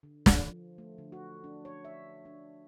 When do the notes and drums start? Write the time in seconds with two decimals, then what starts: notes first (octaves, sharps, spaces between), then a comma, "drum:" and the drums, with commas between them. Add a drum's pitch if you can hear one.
0.03 D3
0.26 drum: snare
0.47 F3
0.78 A3
0.98 D3
1.12 F#4
1.44 D4
1.65 C#5
1.85 E5
2.25 D4